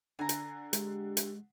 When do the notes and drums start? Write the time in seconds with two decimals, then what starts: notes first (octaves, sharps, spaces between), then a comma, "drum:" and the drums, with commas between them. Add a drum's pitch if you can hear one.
0.19 D3 G#5 A#5
0.29 drum: hi-hat
0.73 G#3 G4, drum: hi-hat
1.17 drum: hi-hat